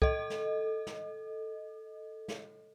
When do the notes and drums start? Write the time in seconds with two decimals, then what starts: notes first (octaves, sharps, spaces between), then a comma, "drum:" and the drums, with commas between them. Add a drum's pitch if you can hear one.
0.02 A4 D#5, drum: kick
0.30 drum: snare
0.87 drum: snare
2.28 drum: snare